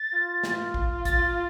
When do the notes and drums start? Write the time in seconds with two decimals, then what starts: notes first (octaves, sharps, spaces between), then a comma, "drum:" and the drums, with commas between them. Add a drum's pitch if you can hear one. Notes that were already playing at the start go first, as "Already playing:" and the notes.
Already playing: A6
0.13 F4
0.44 drum: snare
0.74 drum: kick A#1
1.05 A6, drum: kick A#1, hi-hat